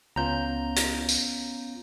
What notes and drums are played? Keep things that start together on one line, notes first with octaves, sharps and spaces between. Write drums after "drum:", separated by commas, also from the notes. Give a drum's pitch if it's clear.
C#2 B3 C#4 F4 A#5 G6
drum: hi-hat
drum: tambourine